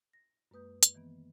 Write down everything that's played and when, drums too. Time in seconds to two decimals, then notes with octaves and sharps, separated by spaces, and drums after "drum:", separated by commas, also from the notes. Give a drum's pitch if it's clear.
0.13 A#6
0.51 F#2 G#3 A#3 B4 D#6 G6
0.83 drum: hi-hat
0.95 D#3 E3 A#3 B3